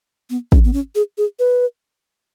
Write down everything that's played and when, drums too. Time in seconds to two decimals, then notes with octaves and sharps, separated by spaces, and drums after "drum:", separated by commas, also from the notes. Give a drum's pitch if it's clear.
0.30 B3
0.52 C#4, drum: kick
0.64 B3
0.73 C#4
0.95 G#4
1.18 G#4
1.39 B4